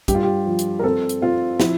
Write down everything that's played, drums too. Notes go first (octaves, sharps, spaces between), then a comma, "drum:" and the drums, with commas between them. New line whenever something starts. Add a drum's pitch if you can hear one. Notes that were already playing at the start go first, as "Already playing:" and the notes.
G2 G4, drum: kick, hi-hat
F4
G4
F3
drum: hi-hat
A#4
C4 A4
drum: hi-hat
C4 F4
F3 E4, drum: snare